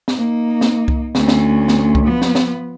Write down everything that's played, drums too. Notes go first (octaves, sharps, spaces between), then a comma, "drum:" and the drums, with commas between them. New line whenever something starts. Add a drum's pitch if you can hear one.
drum: snare
A#3 D#4
drum: snare
drum: kick C2
D2 C#4, drum: snare
drum: snare
drum: snare
drum: kick C2
F3 B3
drum: snare
drum: snare